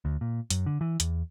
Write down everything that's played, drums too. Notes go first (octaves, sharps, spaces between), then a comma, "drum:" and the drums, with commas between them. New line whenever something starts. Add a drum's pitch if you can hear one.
D2
A#2
F#2, drum: hi-hat
D3
E3
E2, drum: hi-hat